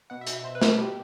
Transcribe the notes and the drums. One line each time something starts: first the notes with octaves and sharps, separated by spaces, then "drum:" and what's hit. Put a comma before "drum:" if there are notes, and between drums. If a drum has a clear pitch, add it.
B2 F#5
E5
B2, drum: hi-hat
E5
B2 C5
B4
B2 A4, drum: snare
B2 G4